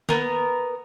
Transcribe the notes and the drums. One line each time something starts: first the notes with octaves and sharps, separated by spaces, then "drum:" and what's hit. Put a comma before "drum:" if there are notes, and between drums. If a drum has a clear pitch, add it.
B3 A#4, drum: snare